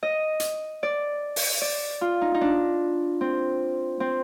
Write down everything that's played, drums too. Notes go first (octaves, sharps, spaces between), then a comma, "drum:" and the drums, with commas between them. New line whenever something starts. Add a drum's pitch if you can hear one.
D#5
drum: hi-hat
D5
drum: open hi-hat
D5
F4
D#4
D#4
D4
C4
C4